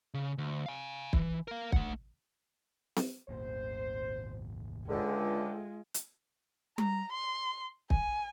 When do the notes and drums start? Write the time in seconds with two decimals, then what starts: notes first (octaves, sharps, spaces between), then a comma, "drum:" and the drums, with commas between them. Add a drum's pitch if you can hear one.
0.14 C#3
0.38 D2
0.66 F5 G#5
1.13 E3, drum: kick
1.48 A#4 F5
1.72 A3 F#5, drum: kick
2.96 drum: snare C4
3.29 D#1 G#1 A#3 C5
4.89 C#2 D3 G#3 F4 A4 E5 G5
5.94 drum: hi-hat
6.78 A#5, drum: tom G3
7.12 C6
7.90 G#5, drum: kick